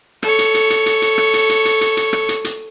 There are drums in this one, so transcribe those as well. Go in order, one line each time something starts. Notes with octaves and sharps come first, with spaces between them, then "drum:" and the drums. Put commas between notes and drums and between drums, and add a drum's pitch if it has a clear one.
A4 C#5, drum: rim click
drum: hi-hat
drum: hi-hat
drum: hi-hat
drum: hi-hat
drum: hi-hat
drum: rim click
drum: hi-hat
drum: hi-hat
drum: hi-hat
drum: hi-hat
drum: hi-hat
drum: rim click
drum: hi-hat
drum: hi-hat